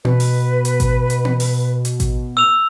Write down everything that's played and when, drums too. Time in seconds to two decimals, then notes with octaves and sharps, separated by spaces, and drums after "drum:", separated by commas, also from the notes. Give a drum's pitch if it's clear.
0.05 B2 B4, drum: tom B3
0.20 drum: open hi-hat
0.65 drum: hi-hat
0.80 drum: kick A1, hi-hat
1.10 drum: hi-hat
1.25 drum: tom B3
1.40 drum: open hi-hat
1.85 drum: hi-hat
2.00 drum: kick A1, hi-hat
2.37 E6 F7